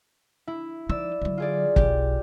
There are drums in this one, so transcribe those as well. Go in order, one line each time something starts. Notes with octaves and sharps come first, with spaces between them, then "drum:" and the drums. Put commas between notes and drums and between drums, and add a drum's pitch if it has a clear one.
E4
F3 D#4 D5 E6
D3 F#3
F4 G#4 D5
B1 G4, drum: kick